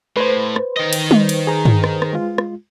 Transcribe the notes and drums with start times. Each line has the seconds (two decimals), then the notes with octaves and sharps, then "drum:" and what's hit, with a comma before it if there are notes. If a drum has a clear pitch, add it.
0.17 A2 B4 C5
0.56 drum: rim click
0.77 D#3 D#5
0.93 drum: cymbal
1.11 drum: tom G3
1.29 drum: cymbal
1.47 G#4 A#5
1.65 drum: tom G2
1.84 drum: rim click
2.02 drum: rim click
2.13 G#3 F4
2.38 drum: rim click